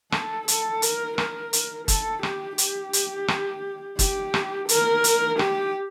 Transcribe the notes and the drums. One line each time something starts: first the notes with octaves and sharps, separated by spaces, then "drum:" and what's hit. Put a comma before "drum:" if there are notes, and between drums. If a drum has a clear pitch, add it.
A4, drum: rim click
A4, drum: hi-hat
A#4, drum: hi-hat
A#4, drum: rim click
drum: hi-hat
A4, drum: kick, hi-hat
G4, drum: rim click
G4, drum: hi-hat
drum: hi-hat
drum: rim click
G4, drum: kick, hi-hat
drum: rim click
A#4, drum: hi-hat
drum: hi-hat
G4, drum: rim click